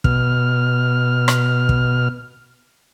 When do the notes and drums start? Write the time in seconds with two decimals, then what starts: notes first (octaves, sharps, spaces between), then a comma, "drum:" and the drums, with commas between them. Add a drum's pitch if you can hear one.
0.04 B2 F6, drum: kick
1.28 drum: rim click
1.69 drum: kick